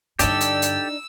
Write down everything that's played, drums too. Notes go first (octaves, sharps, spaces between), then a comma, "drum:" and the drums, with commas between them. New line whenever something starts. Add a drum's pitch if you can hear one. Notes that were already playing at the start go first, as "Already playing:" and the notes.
G2 D3 D4 D#4 G4 A4 D5 E6, drum: hi-hat
drum: hi-hat
drum: hi-hat